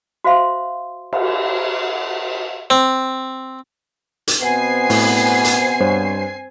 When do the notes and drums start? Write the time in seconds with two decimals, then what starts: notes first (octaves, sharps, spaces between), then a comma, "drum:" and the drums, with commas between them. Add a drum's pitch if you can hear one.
0.24 F#4 C5 E5 F5 C6
1.13 drum: cymbal
2.70 C4
4.28 drum: hi-hat
4.42 B2 B3 C4 G#5 C7
4.90 A2, drum: open hi-hat
5.45 drum: hi-hat
5.80 G2 C5 C#5